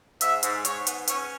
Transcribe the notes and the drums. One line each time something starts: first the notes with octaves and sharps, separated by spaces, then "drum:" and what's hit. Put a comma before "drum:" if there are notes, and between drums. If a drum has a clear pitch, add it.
G#2 E5, drum: hi-hat
G#2, drum: hi-hat
G#2 C#5, drum: hi-hat
B3, drum: hi-hat
C#4 C#5, drum: hi-hat